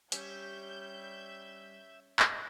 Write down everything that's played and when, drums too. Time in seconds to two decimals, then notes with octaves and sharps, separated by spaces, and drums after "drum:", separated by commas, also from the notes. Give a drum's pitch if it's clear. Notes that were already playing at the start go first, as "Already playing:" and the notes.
0.12 G3 C#4 E5 G6, drum: hi-hat
2.19 drum: clap